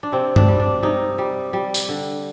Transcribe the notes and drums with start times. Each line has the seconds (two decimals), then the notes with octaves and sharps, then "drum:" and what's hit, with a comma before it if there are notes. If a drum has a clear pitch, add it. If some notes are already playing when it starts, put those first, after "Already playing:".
0.03 D4
0.12 C3 C4
0.36 D4, drum: tom G2
0.48 G3
0.60 D4
0.83 C3 D#4
1.18 G3
1.53 G3
1.74 drum: tambourine
1.89 D3